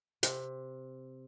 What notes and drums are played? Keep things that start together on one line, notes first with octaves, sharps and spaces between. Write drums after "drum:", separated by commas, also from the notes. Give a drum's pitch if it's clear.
C3, drum: hi-hat